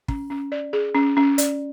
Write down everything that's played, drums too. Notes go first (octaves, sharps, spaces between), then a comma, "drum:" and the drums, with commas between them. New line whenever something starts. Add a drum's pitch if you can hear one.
C#4, drum: kick
C#4
D5
G#4
C#4
C#4
D5, drum: hi-hat